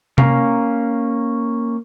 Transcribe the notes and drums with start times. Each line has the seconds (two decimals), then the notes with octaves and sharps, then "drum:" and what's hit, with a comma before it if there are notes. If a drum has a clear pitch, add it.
0.18 A#3 C#4 F5 A#5, drum: tom C3